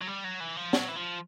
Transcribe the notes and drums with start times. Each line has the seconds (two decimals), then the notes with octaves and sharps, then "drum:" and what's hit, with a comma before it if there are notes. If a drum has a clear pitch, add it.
0.01 F#3
0.07 G3
0.24 F#3
0.40 E3
0.57 F3
0.73 F#3, drum: snare
0.88 E3
0.95 F3